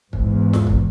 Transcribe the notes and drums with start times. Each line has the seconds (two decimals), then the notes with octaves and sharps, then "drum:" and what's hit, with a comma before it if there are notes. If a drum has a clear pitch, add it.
0.13 E2 G#2, drum: kick
0.53 drum: snare
0.67 drum: kick